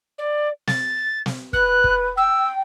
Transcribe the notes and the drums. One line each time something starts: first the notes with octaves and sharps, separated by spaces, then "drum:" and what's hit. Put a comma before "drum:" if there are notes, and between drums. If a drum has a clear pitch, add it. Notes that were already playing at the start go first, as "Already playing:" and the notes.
D5
A6, drum: snare
drum: snare
B4 F#6, drum: kick
drum: kick
G5 E6